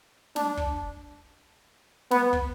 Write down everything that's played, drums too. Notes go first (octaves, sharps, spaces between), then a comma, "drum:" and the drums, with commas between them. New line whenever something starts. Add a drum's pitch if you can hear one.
D4, drum: snare
drum: kick
B3, drum: snare
drum: kick